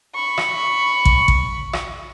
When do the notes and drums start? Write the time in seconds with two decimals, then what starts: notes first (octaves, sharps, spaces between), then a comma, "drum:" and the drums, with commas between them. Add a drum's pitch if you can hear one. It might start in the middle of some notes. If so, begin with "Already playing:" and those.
0.15 B5 C#6
0.38 drum: rim click
1.05 drum: kick
1.28 drum: kick
1.73 drum: rim click